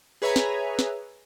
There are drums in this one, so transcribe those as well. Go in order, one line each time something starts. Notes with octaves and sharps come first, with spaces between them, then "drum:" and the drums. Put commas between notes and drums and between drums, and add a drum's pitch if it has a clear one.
G#4 B4 C#5 E5 G#5 A#5
drum: snare
drum: snare